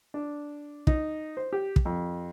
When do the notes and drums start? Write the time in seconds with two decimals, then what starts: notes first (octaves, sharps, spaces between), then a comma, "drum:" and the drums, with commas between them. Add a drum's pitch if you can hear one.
0.14 D4
0.87 D#4, drum: kick
1.37 C5
1.53 G4
1.76 drum: kick
1.85 F2